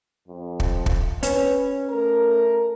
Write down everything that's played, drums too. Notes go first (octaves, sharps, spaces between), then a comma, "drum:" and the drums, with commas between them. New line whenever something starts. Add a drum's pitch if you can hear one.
F2
drum: kick
drum: kick
C#4 B4, drum: hi-hat
A3 A#4